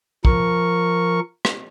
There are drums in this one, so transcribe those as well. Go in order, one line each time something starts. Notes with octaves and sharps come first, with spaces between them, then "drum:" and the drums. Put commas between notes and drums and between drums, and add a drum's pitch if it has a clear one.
F3 A#4 C#6, drum: kick
drum: rim click